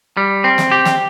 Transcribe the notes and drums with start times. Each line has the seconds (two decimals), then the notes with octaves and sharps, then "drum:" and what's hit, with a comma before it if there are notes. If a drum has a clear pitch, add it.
0.17 G3
0.44 C4
0.58 drum: snare
0.71 G4
0.86 drum: snare